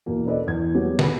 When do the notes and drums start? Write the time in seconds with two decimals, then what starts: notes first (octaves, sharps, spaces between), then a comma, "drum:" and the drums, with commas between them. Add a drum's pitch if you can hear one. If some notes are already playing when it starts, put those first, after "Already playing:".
0.06 E2 B2 A#3
0.25 C#4 D4 A4 B4 D5 D#5
0.47 E2 G#6
0.74 F#3 G3 B3 C#4 G4 G#4
0.99 B4 G#5 A5 B5, drum: snare